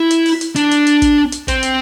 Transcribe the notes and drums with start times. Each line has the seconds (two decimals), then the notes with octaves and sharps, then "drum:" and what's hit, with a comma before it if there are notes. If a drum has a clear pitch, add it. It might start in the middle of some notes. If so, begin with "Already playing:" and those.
Already playing: E4
0.10 drum: hi-hat
0.26 drum: open hi-hat
0.41 drum: hi-hat
0.56 D4, drum: hi-hat
0.71 drum: hi-hat
0.87 drum: hi-hat
1.02 drum: kick, hi-hat
1.32 drum: hi-hat
1.48 C4, drum: kick, hi-hat
1.63 drum: hi-hat